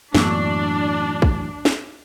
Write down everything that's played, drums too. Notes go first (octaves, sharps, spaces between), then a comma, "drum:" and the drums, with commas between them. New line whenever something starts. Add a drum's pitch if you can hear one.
F#2 A2 E3 F#3 A#3 B3 D4, drum: snare
drum: kick
drum: snare